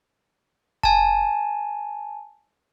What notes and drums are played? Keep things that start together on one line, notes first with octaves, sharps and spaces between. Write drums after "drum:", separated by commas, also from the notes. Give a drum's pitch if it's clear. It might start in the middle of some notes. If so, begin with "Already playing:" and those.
G#5 A5, drum: kick F1